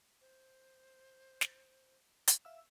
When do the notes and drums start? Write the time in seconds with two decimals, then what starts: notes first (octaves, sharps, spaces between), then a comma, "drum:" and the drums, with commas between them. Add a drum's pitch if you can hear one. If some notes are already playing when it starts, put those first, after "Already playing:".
0.21 C5
1.41 drum: snare
2.28 drum: hi-hat
2.45 E5 F5 E6